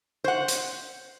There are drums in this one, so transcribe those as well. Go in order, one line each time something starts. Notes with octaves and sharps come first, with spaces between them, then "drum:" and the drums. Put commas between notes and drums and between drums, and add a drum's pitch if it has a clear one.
C5 F#5
drum: hi-hat